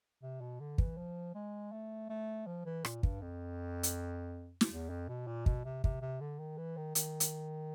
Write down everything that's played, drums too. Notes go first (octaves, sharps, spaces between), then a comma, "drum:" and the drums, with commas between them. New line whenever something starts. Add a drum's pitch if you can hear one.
C3
B2
D3
E3, drum: kick
F3
G#3
A3
A3
F3
E3
A#2, drum: rim click
G2, drum: kick
F2
drum: hi-hat
drum: snare
E2
F2
B2
A#2
B2, drum: kick
C3
C3, drum: kick
C3
D3
D#3
E3
D#3
D#3, drum: hi-hat
drum: hi-hat